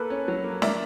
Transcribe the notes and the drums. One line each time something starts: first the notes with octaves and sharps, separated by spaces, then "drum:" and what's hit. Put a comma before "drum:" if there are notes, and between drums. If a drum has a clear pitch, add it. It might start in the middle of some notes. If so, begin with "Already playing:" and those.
Already playing: A#3 A4 B4
C#4
F#3
A#3
A#3 D5 E5, drum: snare